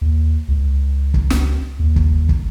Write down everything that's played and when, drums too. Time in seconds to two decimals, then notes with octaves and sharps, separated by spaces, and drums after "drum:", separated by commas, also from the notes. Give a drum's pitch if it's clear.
0.01 D#2
0.48 C#2
1.14 drum: kick
1.30 drum: snare
1.79 D#2
1.96 drum: kick
2.29 drum: kick